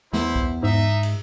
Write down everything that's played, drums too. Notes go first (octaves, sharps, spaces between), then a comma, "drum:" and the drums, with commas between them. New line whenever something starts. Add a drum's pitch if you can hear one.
E2 E4 C5, drum: snare
drum: kick
G#2 D#4 E5
drum: cymbal